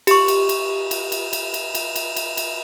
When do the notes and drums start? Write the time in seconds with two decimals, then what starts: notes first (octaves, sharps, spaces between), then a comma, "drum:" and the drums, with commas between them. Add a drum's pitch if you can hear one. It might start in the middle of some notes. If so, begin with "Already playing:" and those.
0.07 G4 C#6, drum: cymbal
0.28 drum: cymbal
0.49 drum: cymbal
0.91 drum: cymbal
1.12 drum: cymbal
1.33 drum: cymbal
1.54 drum: cymbal
1.75 drum: cymbal
1.96 drum: cymbal
2.16 drum: cymbal
2.37 drum: cymbal